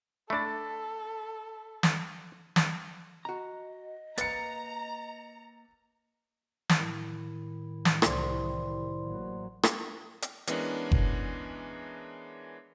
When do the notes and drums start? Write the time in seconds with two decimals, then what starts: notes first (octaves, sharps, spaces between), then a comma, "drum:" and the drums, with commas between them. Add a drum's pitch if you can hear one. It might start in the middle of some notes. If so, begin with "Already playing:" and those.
0.30 A3 D4 A4 B5 A6
1.83 drum: snare
2.56 drum: snare
3.25 F#4 D#5 A#5
4.18 A#3 B4 A#5 A6 C#7, drum: hi-hat
6.69 drum: snare
6.79 A2 D#3 E4
7.85 drum: snare
8.02 C2 E3 G3 C5 D5 C6, drum: rim click
9.02 A1 F#3 A#3
9.63 drum: rim click
10.22 drum: hi-hat
10.47 E3 G#3 B3 C#4 D4 A#4, drum: hi-hat
10.92 drum: kick F#1